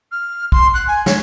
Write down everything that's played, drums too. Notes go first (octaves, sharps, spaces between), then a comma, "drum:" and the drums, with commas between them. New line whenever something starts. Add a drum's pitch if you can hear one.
F6
C6, drum: kick
F#6
G#5
C#5, drum: snare